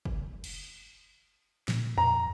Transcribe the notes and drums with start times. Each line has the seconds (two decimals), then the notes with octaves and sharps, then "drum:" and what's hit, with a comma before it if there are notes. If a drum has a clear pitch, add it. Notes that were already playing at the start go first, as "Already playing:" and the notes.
0.05 drum: kick
0.44 drum: cymbal
1.68 A#2, drum: snare
1.98 F2 A#5